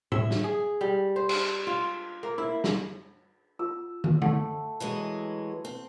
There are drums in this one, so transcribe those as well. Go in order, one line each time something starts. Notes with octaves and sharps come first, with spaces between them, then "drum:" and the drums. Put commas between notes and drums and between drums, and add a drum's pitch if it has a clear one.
E5, drum: tom A2
drum: snare
G#4
G3
C5
drum: cymbal
F4
A#3
E4
drum: snare
F4 E6
drum: tom
A3 F#5, drum: tom D3
E3 F#3 G#3
C4